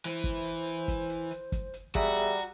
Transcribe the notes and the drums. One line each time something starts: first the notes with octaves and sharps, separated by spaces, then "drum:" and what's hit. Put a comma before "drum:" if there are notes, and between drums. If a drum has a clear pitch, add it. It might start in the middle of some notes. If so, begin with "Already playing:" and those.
E3 C5
drum: kick
drum: hi-hat
drum: hi-hat
drum: kick, hi-hat
drum: hi-hat
drum: hi-hat
drum: kick, hi-hat
drum: hi-hat
G3 F#4 G#4 E5 A#5, drum: kick, hi-hat
drum: hi-hat
drum: hi-hat